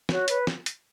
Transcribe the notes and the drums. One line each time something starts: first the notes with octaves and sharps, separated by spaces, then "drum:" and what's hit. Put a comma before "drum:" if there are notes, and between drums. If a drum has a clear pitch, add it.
F#4 C#5, drum: snare
B4, drum: hi-hat
drum: snare
drum: hi-hat